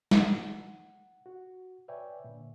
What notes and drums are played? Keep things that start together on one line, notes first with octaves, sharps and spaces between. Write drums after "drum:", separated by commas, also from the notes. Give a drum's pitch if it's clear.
F#5, drum: snare
F#4
B4 C#5 D5 E5 G5 G#5
A#2 D3